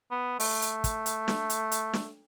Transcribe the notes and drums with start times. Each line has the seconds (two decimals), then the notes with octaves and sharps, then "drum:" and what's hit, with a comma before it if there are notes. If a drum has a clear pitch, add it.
0.11 B3
0.40 A3, drum: open hi-hat
0.62 drum: hi-hat
0.84 drum: kick, hi-hat
1.06 drum: hi-hat
1.28 drum: snare
1.50 drum: hi-hat
1.72 drum: hi-hat
1.93 drum: snare